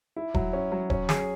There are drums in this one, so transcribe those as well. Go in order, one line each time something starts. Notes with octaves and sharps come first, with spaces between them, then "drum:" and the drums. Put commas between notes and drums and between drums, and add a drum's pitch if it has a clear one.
E4
F#3, drum: kick D#1
C#4
F#3
C#4, drum: kick D#1
G#4, drum: snare